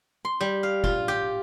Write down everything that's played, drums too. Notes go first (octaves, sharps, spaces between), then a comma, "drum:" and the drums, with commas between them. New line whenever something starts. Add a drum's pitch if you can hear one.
C6
G3
F5
F4, drum: kick
G4